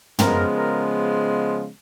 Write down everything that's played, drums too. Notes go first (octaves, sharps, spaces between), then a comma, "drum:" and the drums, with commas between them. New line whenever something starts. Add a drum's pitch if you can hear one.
C#3 F3 G#3 B3 A#4, drum: tom
A#4